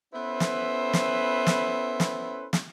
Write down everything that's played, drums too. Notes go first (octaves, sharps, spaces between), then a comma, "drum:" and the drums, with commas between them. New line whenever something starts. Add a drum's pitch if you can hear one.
B3 C#4 E4 A4 B4 C5
drum: snare
drum: snare
drum: snare
drum: snare
drum: snare